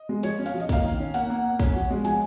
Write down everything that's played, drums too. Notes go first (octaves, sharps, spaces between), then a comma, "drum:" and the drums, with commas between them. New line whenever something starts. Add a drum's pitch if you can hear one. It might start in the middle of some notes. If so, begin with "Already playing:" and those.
Already playing: D#5
G#3
F3 C#5, drum: hi-hat
C#4
F5, drum: hi-hat
F3
D#5
A#3 F5, drum: kick, open hi-hat
D#3
C#4
A#3 F#5, drum: hi-hat
A#3
A#3
C#4, drum: kick, open hi-hat
F3
G#3
F3 G#5, drum: hi-hat